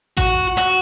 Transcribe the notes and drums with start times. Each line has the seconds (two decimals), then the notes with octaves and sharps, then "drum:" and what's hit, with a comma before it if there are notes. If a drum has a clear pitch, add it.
0.17 F#4, drum: kick A1
0.58 F#4